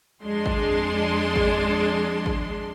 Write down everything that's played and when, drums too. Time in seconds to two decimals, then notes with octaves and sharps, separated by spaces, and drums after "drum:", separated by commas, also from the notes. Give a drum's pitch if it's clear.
0.23 F2 G#3 D4 C6
0.46 drum: kick G#1
1.36 drum: kick G#1
2.26 drum: kick G#1